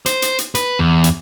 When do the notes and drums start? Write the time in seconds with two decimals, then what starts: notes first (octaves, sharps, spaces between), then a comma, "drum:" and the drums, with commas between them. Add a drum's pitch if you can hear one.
0.06 C5, drum: hi-hat
0.22 drum: hi-hat
0.38 drum: hi-hat
0.55 B4, drum: hi-hat
0.79 E2
1.04 drum: hi-hat